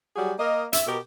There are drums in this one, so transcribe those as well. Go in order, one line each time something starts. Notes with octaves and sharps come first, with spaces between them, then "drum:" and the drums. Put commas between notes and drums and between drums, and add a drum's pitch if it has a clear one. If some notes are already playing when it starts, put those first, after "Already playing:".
F#3 G3 F#4 G#4
A#3 A#4 D#5
E5, drum: hi-hat
B2 G4 A#4